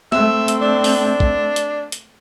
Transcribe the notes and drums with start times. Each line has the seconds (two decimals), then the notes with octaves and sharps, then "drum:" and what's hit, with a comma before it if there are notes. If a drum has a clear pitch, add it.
0.12 A3 C4 E5, drum: snare
0.48 drum: hi-hat
0.61 D4
0.84 drum: open hi-hat
1.20 drum: kick
1.56 drum: hi-hat
1.92 drum: hi-hat